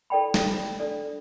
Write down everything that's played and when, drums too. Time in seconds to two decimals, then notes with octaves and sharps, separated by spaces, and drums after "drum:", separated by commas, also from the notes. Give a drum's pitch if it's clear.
0.10 E4 A4 D5 G5 B5
0.34 drum: snare
0.80 D4 A4 D5